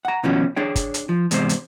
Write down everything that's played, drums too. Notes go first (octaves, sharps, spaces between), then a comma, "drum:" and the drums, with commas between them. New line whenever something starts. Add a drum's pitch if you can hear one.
F#5 A#5
B2 D#3 F3 A#3 C#4 F#4
D4 G#4 C#5 G5
drum: kick G1, hi-hat
drum: hi-hat
F3
E2 G#2 C3 C5, drum: hi-hat
drum: hi-hat